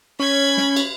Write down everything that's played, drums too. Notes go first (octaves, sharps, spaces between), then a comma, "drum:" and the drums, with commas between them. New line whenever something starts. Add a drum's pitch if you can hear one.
C#4 B5 G#6
drum: snare
drum: cymbal